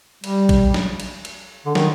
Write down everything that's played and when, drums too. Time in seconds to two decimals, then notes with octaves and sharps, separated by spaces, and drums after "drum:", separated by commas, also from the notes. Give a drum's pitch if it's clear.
0.24 G3, drum: cymbal
0.49 drum: kick, cymbal
0.74 drum: snare
1.00 drum: cymbal
1.25 drum: cymbal
1.66 D3
1.75 D#3, drum: snare